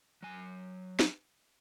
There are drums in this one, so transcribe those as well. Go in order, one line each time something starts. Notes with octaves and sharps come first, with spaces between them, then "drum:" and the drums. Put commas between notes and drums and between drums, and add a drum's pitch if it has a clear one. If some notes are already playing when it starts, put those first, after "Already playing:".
F#3 G#5
drum: snare